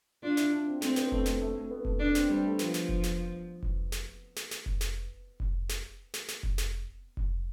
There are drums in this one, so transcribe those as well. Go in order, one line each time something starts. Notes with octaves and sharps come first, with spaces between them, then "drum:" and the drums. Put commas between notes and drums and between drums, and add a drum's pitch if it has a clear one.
D4 F4
E4, drum: snare
D4
C4
A3 C4, drum: snare
B3, drum: snare
A3, drum: kick F1
A3, drum: snare
A3
A3
B3
A3, drum: kick F1
B3 D4
C4, drum: snare
G3 C4
A3
F3 B3, drum: snare
drum: snare
drum: kick F1
drum: snare
drum: kick F1
drum: snare
drum: snare
drum: snare
drum: kick F1
drum: snare
drum: kick F1
drum: snare
drum: snare
drum: snare
drum: kick F1
drum: snare
drum: kick F1